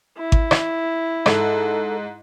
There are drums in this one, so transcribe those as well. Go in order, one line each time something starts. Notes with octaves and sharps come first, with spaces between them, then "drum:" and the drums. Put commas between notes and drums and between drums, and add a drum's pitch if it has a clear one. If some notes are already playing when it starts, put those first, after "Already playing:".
E4
drum: kick G#1
drum: rim click
G#2 A4, drum: rim click